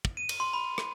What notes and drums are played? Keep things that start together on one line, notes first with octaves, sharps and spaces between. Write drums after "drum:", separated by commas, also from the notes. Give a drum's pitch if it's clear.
drum: kick
D#7
drum: cymbal
C6
B5
drum: rim click